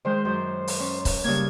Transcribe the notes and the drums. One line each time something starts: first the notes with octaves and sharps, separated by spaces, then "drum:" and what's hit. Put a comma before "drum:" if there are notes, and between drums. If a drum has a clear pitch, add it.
D#3 G#3 C5
F#2 C5
drum: open hi-hat
C#4
drum: kick C#1, open hi-hat
G2 C#3 A#3 G#6